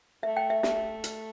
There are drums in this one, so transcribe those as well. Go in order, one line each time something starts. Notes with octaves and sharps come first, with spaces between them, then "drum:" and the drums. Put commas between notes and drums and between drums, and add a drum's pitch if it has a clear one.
A3 E5
G5
E5
A3 E5, drum: snare
drum: hi-hat